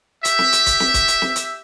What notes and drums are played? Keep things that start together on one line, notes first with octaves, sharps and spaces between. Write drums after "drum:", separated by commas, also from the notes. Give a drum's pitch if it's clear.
G4 E5, drum: hi-hat
drum: snare
drum: hi-hat
drum: kick C#1, hi-hat
drum: snare
drum: kick C#1, hi-hat
drum: hi-hat
drum: snare
drum: hi-hat